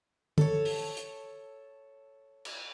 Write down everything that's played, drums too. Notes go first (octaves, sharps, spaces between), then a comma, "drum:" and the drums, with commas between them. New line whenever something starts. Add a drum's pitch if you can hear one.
A4 C#5, drum: tom
drum: open hi-hat
drum: hi-hat
drum: cymbal